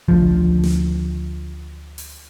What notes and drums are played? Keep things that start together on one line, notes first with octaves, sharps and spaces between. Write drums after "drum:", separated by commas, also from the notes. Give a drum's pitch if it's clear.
D2 F3, drum: kick A1
drum: snare
drum: open hi-hat